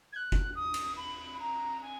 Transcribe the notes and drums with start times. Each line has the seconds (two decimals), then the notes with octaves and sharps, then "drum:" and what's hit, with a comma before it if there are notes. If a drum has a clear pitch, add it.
0.12 G#6
0.15 F#6
0.32 drum: kick
0.55 D#6
0.74 drum: cymbal
0.96 B5
1.39 A#5
1.82 G#5